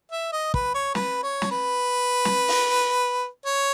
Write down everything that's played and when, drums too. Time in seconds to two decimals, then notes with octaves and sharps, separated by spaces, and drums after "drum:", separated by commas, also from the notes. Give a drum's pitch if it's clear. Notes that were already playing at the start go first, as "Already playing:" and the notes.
0.12 E5
0.32 D#5
0.54 B4, drum: kick
0.74 C#5
0.95 B4, drum: snare
1.23 C#5
1.42 drum: snare
1.51 B4
2.25 drum: snare
2.48 drum: open hi-hat
3.46 C#5